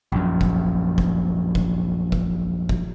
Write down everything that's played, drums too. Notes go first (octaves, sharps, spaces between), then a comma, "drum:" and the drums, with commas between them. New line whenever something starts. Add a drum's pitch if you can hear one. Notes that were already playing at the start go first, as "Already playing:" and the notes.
A#1 F#2
drum: kick F#1
drum: kick F#1
drum: kick F#1
drum: kick F#1
drum: kick F#1